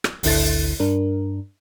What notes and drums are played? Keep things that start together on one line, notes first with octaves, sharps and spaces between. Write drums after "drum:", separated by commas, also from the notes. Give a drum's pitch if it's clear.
drum: rim click
G#1 D2 D3 E4 A4 A6, drum: open hi-hat
G2 D4 A#4